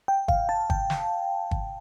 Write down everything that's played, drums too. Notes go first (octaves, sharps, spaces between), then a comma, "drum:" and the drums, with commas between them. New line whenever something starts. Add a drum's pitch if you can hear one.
G5
F5, drum: kick
A5
G5, drum: kick
drum: snare
drum: kick